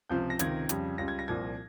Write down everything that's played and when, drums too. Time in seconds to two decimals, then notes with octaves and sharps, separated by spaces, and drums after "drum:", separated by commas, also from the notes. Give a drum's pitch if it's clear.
0.10 C#2 C3 F3 G6
0.30 A#6
0.39 C#2 C3 D#3 G#6, drum: hi-hat
0.69 F2 C#3 G3, drum: hi-hat
0.98 C#2 C#3 G3 A#6
1.08 G#6
1.19 A#6
1.28 C2 A#2 F3 G#6